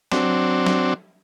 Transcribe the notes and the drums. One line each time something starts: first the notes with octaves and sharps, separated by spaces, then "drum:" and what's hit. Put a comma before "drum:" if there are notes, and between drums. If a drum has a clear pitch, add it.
F#3 C4 D4, drum: snare
drum: snare